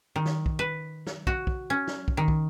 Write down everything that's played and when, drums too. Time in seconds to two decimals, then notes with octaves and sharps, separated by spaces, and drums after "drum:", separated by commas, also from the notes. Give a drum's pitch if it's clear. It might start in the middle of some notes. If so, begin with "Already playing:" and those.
0.16 D#3
0.26 drum: snare
0.46 drum: kick
0.59 B4
1.07 drum: snare
1.27 F#4, drum: kick
1.47 drum: kick
1.70 C#4
1.88 drum: snare
2.08 drum: kick
2.17 D#3
2.28 drum: kick